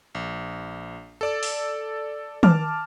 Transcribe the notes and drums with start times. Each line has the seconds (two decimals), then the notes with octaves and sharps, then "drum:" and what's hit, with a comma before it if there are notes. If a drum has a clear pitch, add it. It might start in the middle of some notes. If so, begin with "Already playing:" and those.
0.15 A#1
1.21 A4 D5 E6
1.43 drum: open hi-hat
2.43 A5 D6 F6, drum: tom D#3